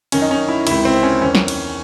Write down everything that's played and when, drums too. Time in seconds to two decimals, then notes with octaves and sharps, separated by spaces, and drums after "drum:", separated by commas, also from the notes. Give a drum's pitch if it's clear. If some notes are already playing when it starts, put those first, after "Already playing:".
0.12 F#2 D#3 C#4, drum: cymbal
0.22 D#4
0.31 C#4
0.49 E4
0.67 C#2 C3 D#3 E4, drum: cymbal
0.85 C4
1.03 C#4
1.21 E2 D#3 C#4
1.35 drum: snare
1.48 drum: cymbal